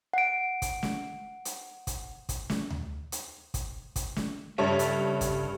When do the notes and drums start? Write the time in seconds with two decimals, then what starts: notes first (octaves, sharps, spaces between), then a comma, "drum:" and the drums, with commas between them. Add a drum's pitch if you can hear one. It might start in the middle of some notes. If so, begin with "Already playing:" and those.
0.13 F#5 D7
0.62 drum: kick, hi-hat
0.83 drum: snare
1.45 drum: hi-hat
1.87 drum: kick, hi-hat
2.29 drum: kick, hi-hat
2.50 drum: snare
2.70 drum: tom D2
3.12 drum: hi-hat
3.54 drum: kick, hi-hat
3.96 drum: kick, hi-hat
4.16 drum: snare
4.58 G2 C#3 A4 C#5 E5
4.79 drum: hi-hat
5.21 drum: kick, hi-hat